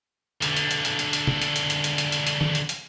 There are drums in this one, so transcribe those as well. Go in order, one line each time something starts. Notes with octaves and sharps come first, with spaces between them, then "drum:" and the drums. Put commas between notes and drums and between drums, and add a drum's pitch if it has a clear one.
B1 D3, drum: hi-hat
drum: hi-hat
drum: hi-hat
drum: hi-hat
drum: hi-hat
drum: hi-hat
drum: tom C3
drum: hi-hat
drum: hi-hat
drum: hi-hat
drum: hi-hat
drum: hi-hat
drum: hi-hat
drum: hi-hat
drum: tom
drum: hi-hat
drum: hi-hat